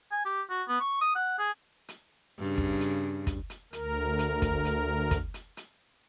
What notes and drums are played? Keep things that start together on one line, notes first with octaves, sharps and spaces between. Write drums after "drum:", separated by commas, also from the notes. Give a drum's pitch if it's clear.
G#5
G4
F#4
B3
C#6
D#6
F#5
G#4
drum: hi-hat
G2 C#3
drum: kick
drum: hi-hat
drum: kick, hi-hat
drum: hi-hat
D2 A#4, drum: hi-hat
drum: hi-hat
drum: kick, hi-hat
drum: hi-hat
drum: kick, hi-hat
drum: hi-hat
drum: hi-hat